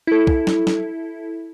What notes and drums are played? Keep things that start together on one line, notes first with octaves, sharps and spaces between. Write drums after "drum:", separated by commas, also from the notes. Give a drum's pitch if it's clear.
E4 A4
drum: kick
drum: snare
drum: snare